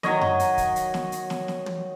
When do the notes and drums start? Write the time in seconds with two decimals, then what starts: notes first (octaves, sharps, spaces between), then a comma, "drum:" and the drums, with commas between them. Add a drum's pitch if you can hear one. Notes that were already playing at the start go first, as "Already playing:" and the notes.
0.03 D#3 F#3 C#5 D#5, drum: snare
0.21 drum: tom F#2
0.39 drum: hi-hat
0.58 drum: kick, hi-hat
0.76 drum: hi-hat
0.94 drum: snare
1.12 drum: hi-hat
1.30 drum: snare
1.48 drum: snare
1.66 drum: tom